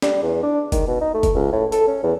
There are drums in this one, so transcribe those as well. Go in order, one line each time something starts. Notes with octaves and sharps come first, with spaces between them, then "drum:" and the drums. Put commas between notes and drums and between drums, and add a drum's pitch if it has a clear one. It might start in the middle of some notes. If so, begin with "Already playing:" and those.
G3, drum: snare
E2
D4
D#3, drum: kick, hi-hat
B2
D#4
A3
drum: kick, hi-hat
C#2
A2
A4, drum: hi-hat
C#4
E2